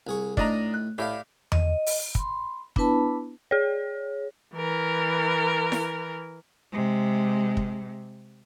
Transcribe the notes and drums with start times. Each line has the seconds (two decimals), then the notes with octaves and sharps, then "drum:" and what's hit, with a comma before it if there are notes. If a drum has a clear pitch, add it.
0.07 C2 G#4 C#6
0.37 A2 D4 D#4 D#5 A#5, drum: kick
0.74 F#6
0.98 A2 G4 D5 F5
1.52 D#5, drum: tom E2
1.86 drum: open hi-hat
2.15 B5 C6, drum: kick
2.76 B3 D4 E4 B4 A5 B5, drum: kick
3.51 G#4 C#5
4.54 E3 A#4
5.72 drum: snare E4
6.72 C3 G#3
7.57 drum: kick